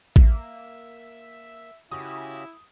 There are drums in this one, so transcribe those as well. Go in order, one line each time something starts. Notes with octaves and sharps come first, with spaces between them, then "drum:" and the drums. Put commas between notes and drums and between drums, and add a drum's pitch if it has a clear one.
A#3 E5, drum: kick A1
C#3 C#4 E4 F#4 G4 D#6